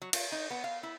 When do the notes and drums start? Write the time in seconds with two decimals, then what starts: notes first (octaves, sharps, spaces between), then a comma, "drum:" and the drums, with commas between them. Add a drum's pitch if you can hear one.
0.02 F#3
0.13 F4, drum: cymbal
0.32 D#4
0.50 B3
0.64 F5
0.83 E4